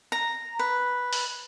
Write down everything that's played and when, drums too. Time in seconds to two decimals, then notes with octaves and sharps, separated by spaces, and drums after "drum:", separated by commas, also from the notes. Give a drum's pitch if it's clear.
0.12 A#5
0.59 B4
1.13 drum: open hi-hat